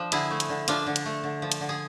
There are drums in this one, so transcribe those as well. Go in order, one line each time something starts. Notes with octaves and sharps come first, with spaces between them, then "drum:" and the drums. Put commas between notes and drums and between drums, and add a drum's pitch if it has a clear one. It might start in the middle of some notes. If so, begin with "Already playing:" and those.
Already playing: F3 D4
D3 E4 G#4, drum: hi-hat
A3
drum: hi-hat
D3
F3 D4 F4, drum: hi-hat
D3
drum: hi-hat
A3
D3
F3
drum: hi-hat
D3
G#4